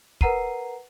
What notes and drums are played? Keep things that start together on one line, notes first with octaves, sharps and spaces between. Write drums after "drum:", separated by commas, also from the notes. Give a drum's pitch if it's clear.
A#4 B4 F#5 A#5 C7 D#7, drum: kick